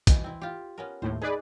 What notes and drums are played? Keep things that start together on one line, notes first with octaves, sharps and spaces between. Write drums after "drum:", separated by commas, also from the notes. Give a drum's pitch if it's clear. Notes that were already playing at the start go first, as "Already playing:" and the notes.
B2 E3, drum: kick A#1, hi-hat
C4 E4
F4 G4
B3 C#4 A#4
D#2 A2 C5
D#4 G#4 B4 D5